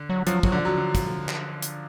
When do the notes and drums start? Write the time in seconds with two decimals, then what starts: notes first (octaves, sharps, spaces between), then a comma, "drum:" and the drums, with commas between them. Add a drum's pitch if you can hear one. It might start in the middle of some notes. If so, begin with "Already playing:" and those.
Already playing: D3
0.10 F#3
0.27 F3 F#3, drum: hi-hat
0.43 F#3, drum: kick
0.52 D3
0.65 F#3
0.78 D3
0.95 drum: kick, hi-hat
1.29 drum: clap
1.62 drum: hi-hat